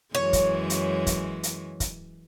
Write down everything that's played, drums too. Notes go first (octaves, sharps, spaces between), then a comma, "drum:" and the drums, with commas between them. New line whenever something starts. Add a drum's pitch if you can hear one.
F#2 E3 G#3 C#5
drum: kick, hi-hat
drum: hi-hat
drum: kick, hi-hat
drum: hi-hat
drum: kick, hi-hat